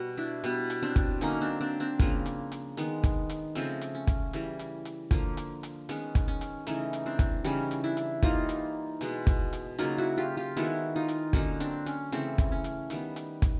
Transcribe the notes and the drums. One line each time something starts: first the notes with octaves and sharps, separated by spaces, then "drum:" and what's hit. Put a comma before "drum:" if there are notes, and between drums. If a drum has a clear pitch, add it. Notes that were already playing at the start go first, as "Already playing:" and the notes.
Already playing: B2 G3 B3 F#4
D4 E4
B2 G3 B3, drum: hi-hat
drum: hi-hat
C4 D4
drum: kick, hi-hat
D3 F#3 A#3 C#4 D#4, drum: hi-hat
C4 D4
C4 D4
C4 D4
C#3 F3 A#3, drum: kick, hi-hat
drum: hi-hat
drum: hi-hat
D#3 G#3 B3, drum: hi-hat
drum: kick, hi-hat
drum: hi-hat
C#3 F3 A3 C4, drum: hi-hat
drum: hi-hat
C#4
drum: kick, hi-hat
C#3 E3 G3, drum: hi-hat
drum: hi-hat
drum: hi-hat
D3 F3 A#3, drum: kick, hi-hat
drum: hi-hat
drum: hi-hat
D#3 G#3 B3 C#4, drum: hi-hat
drum: kick, hi-hat
C#4
drum: hi-hat
C#3 E3 A3 C#4 D#4, drum: hi-hat
drum: hi-hat
C4 D4
drum: kick, hi-hat
C#3 E3 G3 C#4 D#4, drum: hi-hat
drum: hi-hat
D4 E4
drum: hi-hat
E3 G3 A#3 D#4 F4, drum: kick, hi-hat
drum: hi-hat
B2 G#3 B3, drum: hi-hat
drum: kick, hi-hat
drum: hi-hat
C#3 F#3 A#3 D#4 F4, drum: hi-hat
E4 F#4
F4 G4
F4 G4
D#3 G#3 B3 E4 F#4, drum: hi-hat
D#4 F4
drum: hi-hat
D3 F#3 A#3 C#4 D#4, drum: kick, hi-hat
C4 D4, drum: hi-hat
C#4, drum: hi-hat
C#3 E3 A3 C4, drum: hi-hat
drum: kick, hi-hat
C#4
drum: hi-hat
D#3 G3 B3, drum: hi-hat
drum: hi-hat
drum: kick, hi-hat